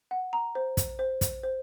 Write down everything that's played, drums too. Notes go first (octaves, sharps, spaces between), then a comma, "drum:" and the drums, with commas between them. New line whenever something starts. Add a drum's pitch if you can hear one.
F#5
A#5
C5
drum: kick, hi-hat
C5
drum: kick, hi-hat
C5